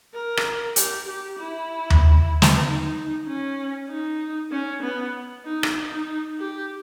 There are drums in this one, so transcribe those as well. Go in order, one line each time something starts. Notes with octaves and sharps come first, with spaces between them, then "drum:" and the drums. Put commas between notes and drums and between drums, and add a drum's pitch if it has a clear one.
A#4
drum: rim click
G4, drum: hi-hat
G4
E4
drum: tom D#2
drum: snare
D#4
C#4
D#4
C#4
B3
D#4
drum: rim click
D#4
G4